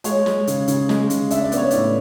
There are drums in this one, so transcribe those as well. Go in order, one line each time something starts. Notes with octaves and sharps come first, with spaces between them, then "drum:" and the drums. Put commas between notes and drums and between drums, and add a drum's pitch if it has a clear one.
G#3 C#5, drum: hi-hat
G#3, drum: snare
C#3, drum: hi-hat
C#3, drum: hi-hat
G#3, drum: snare
C#3, drum: hi-hat
D4 E5, drum: hi-hat
D5
B3, drum: hi-hat
C#5
A2 D5, drum: hi-hat